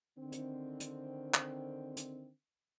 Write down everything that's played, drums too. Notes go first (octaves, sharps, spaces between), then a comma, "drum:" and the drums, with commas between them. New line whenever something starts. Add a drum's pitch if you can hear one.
D3 D#3 C4
drum: hi-hat
drum: hi-hat
drum: clap
drum: hi-hat